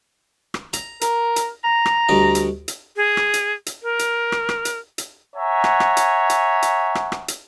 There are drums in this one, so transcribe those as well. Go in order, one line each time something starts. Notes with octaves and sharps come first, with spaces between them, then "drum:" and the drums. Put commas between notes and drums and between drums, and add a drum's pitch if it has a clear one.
drum: rim click
A#5, drum: hi-hat
A#4, drum: hi-hat
drum: hi-hat
A#5
drum: rim click
D2 G3 D#5
drum: hi-hat
drum: hi-hat
G#4
drum: rim click
drum: hi-hat
drum: hi-hat
A#4
drum: hi-hat
drum: rim click
drum: rim click
drum: hi-hat
drum: hi-hat
C#5 E5 F#5 G#5 A#5
drum: rim click
drum: rim click
drum: hi-hat
drum: hi-hat
drum: hi-hat
drum: rim click
drum: rim click
drum: hi-hat